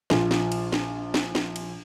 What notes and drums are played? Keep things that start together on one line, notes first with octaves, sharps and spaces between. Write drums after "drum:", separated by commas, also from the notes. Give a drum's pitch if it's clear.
A#1 F4, drum: snare
drum: snare
drum: cymbal
drum: snare
drum: snare
drum: snare
drum: cymbal